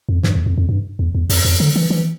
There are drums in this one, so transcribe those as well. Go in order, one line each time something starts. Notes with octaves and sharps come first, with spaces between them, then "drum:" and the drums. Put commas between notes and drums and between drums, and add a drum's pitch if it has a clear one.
F2
G2, drum: snare
E2
F2
F2
G2
E2
E2
F2, drum: open hi-hat
F2
D3
E3
E3